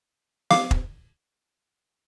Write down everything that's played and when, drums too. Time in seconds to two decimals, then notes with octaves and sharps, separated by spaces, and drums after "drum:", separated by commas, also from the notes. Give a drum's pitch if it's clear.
0.51 F5 D6, drum: snare
0.71 drum: kick